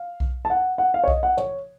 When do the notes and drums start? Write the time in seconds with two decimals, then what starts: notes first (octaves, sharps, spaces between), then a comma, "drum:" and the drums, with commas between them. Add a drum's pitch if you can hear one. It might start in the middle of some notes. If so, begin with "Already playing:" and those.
Already playing: F5
0.20 drum: kick B1
0.45 A5
0.50 F#5
0.78 F#5
0.94 F5
1.04 C#5
1.08 D#5, drum: kick B1
1.23 F#5
1.37 C#5, drum: tom